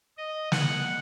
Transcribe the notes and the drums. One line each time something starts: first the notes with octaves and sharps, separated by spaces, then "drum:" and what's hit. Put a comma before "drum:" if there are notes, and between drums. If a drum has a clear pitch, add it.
D#5
F#5, drum: snare